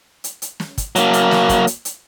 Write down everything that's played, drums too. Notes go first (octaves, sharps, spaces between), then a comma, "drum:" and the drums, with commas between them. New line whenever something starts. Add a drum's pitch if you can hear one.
drum: hi-hat
drum: hi-hat
drum: snare
drum: kick, hi-hat
F#3 A#3, drum: hi-hat
drum: hi-hat
drum: snare
drum: kick, hi-hat
drum: hi-hat
drum: hi-hat